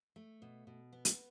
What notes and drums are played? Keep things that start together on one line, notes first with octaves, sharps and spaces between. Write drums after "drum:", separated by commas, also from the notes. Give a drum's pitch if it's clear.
A3
B2
B2
B3
drum: hi-hat